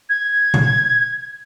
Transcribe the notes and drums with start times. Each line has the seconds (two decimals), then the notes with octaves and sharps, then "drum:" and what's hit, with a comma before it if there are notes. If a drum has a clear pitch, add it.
0.09 G#6
0.54 drum: tom A#2